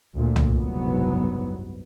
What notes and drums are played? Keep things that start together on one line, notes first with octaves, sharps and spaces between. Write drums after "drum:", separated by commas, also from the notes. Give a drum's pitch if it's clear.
D2 A#2
drum: tom C2
F#1 C2 G#2 F#3 B3